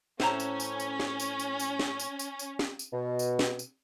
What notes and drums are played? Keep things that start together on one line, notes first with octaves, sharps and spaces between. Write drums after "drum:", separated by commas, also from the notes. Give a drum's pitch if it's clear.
A2 C#4 C5 A#5, drum: snare
drum: tambourine
drum: tambourine
drum: tambourine
drum: snare
drum: tambourine
drum: tambourine
drum: tambourine
drum: snare
drum: tambourine
drum: tambourine
drum: tambourine
drum: snare
drum: tambourine
B2
drum: tambourine
drum: snare
drum: tambourine